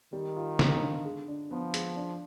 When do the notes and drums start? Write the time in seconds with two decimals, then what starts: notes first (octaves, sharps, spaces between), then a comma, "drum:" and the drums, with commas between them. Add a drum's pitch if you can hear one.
0.13 D#3 G3
0.37 F4
0.59 D3, drum: snare
0.82 D3
1.05 G#3
1.28 D4
1.51 F3 B3
1.74 G#3, drum: hi-hat
1.96 D4